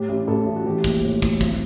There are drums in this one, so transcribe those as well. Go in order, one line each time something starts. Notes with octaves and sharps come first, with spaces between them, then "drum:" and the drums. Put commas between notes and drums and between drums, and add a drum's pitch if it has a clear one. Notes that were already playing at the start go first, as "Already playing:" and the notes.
Already playing: A2 G4
A1
A1 A4
A1
F#4
E3 G4
A#1, drum: kick
A2
E3, drum: kick
G#1, drum: kick